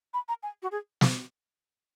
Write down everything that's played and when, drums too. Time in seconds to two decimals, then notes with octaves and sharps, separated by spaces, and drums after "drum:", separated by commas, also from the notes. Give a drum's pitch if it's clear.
0.14 B5
0.28 A#5
0.43 G#5
0.62 F#4
0.71 G#4
1.01 drum: snare